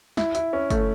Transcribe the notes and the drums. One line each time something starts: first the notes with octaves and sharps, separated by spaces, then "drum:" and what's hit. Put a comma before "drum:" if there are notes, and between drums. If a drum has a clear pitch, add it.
E4, drum: snare
E4, drum: hi-hat
C#4
A3, drum: kick, hi-hat